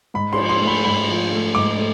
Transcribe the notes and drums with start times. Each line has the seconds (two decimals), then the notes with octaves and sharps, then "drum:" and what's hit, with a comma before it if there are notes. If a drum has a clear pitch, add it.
0.14 G#2 B5
0.33 C6, drum: cymbal
0.39 F3
0.49 C6
0.61 A3
0.67 B5
0.85 G#2 B5
1.08 F3
1.32 A3
1.55 G#2 D6
1.78 A3